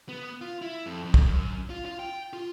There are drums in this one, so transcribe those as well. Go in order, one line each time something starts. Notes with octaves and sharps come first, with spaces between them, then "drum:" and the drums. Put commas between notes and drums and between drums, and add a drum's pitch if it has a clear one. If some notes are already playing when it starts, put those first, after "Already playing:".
B3
F4
E4
F2
F2
drum: kick
F#2
F4
F4
G5
F4